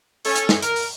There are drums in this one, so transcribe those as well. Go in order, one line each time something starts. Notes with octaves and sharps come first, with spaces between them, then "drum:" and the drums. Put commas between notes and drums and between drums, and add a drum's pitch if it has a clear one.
C#4 A4 C#5, drum: open hi-hat
drum: hi-hat
drum: snare
A#4, drum: hi-hat
drum: open hi-hat